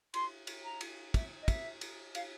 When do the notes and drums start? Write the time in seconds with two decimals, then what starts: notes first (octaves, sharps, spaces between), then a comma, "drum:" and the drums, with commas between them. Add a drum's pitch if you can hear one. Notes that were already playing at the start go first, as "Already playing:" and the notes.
0.14 C6, drum: cymbal
0.47 drum: cymbal
0.64 A#5
0.81 drum: cymbal
1.14 E5, drum: kick, cymbal
1.42 D#5
1.48 E5, drum: kick, cymbal
1.81 drum: cymbal
2.15 F5, drum: cymbal